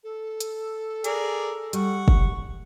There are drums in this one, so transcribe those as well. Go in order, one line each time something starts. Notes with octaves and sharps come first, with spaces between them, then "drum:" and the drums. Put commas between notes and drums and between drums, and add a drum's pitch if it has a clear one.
A4
drum: hi-hat
G#4 A#4 D5, drum: hi-hat
G3 F#5 C#6, drum: hi-hat
drum: kick